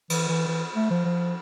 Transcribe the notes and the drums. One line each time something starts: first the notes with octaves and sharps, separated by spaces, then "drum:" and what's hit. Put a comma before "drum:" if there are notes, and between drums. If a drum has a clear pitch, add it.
E3, drum: cymbal
E3
E3
A3
F3
F3